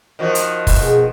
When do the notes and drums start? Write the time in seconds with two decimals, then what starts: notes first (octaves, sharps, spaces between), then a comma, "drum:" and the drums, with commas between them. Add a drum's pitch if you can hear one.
0.19 D#3 F3 F#4
0.35 drum: hi-hat
0.67 drum: kick, open hi-hat
0.80 B2 G#4